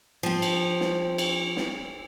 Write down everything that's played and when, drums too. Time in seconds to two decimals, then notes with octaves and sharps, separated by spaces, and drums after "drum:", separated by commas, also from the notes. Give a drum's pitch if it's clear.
0.23 F3 C4
0.42 drum: cymbal
0.80 drum: snare
1.18 drum: cymbal
1.56 drum: snare